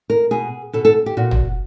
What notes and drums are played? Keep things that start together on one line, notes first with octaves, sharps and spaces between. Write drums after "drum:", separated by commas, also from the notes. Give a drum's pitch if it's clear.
A#4
B2 G#4
B2 A4
A4
G4
A#2 F#4
drum: tom